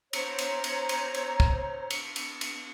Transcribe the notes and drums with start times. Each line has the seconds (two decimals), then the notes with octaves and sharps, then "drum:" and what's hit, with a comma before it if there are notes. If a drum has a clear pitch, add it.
0.13 C5 C#5 A#5, drum: cymbal
0.39 drum: cymbal
0.64 drum: cymbal
0.89 drum: cymbal
1.14 drum: cymbal
1.40 drum: kick
1.90 drum: cymbal
2.16 drum: cymbal
2.41 drum: cymbal